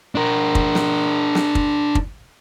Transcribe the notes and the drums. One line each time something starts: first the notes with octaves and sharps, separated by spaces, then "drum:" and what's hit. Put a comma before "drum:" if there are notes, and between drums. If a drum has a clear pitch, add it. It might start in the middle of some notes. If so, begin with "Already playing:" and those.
D4 A#4
drum: kick
drum: snare
drum: snare
drum: kick
drum: kick